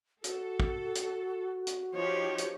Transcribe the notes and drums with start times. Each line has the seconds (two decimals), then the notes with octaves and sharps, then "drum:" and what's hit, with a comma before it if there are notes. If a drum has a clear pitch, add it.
0.24 F#4 A4, drum: hi-hat
0.60 drum: kick
0.95 drum: hi-hat
1.67 drum: hi-hat
1.95 F3 D#4 G4 C#5
2.38 drum: hi-hat